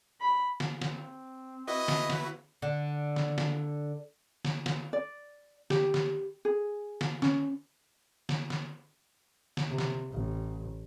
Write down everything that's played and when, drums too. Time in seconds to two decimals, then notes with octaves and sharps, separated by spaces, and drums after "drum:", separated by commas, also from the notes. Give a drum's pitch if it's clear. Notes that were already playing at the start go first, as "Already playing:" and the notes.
0.21 B5
0.60 drum: snare
0.81 drum: snare
0.94 C4
1.68 E4 F#4 B4 D#5
1.88 drum: snare
2.10 drum: snare
2.62 D3
3.16 drum: snare
3.38 drum: snare
4.45 drum: snare
4.66 drum: snare
4.93 D5
5.70 G4, drum: snare
5.94 drum: snare
6.45 G#4
7.01 drum: snare
7.22 C#4, drum: snare
8.29 drum: snare
8.50 drum: snare
9.57 drum: snare
9.69 C3
9.78 drum: snare
10.11 A1